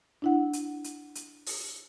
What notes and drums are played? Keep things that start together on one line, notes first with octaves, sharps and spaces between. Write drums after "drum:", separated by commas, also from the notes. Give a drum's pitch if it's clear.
D4 E4 F#5
drum: hi-hat
drum: hi-hat
drum: hi-hat
drum: open hi-hat